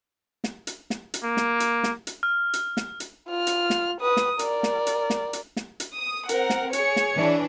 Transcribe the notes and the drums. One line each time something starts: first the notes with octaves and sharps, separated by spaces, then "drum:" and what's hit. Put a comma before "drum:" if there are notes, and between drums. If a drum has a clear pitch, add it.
drum: snare
drum: hi-hat
drum: snare
drum: hi-hat
A#3
drum: snare
drum: hi-hat
drum: snare
drum: hi-hat
F6
drum: hi-hat
drum: snare
drum: hi-hat
F4 F6
drum: hi-hat
drum: snare
B4 D#6
drum: snare
A#4 D5, drum: hi-hat
drum: snare
drum: hi-hat
drum: snare
drum: hi-hat
drum: snare
drum: hi-hat
D#6
C4 A#4 F#5, drum: hi-hat
drum: snare
G#4 C#5 C#7, drum: hi-hat
drum: snare
E3 D4